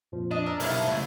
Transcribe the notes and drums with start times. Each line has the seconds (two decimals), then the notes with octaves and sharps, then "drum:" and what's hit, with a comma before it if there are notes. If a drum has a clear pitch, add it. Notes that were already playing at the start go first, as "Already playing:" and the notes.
0.12 F2 A#2 F3
0.31 D4 D#5
0.46 A#4 E6
0.60 B1 C3 E4 A#4 F5, drum: open hi-hat
0.71 E5 A5 B6
0.87 C#2 A2